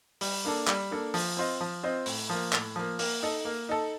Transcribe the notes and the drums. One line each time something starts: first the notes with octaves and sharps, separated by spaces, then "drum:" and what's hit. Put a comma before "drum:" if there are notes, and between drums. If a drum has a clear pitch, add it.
G3, drum: open hi-hat
A#3 D4 A4
G3, drum: clap
A#3 D4 A4
F3, drum: open hi-hat
C4 F4 C5 D#5
F3
C4 F4 C5 D#5
A2, drum: open hi-hat
F3 A#3
A2, drum: clap
F3 A#3
A#3, drum: open hi-hat
D#4 A4
A#3
D#4 A4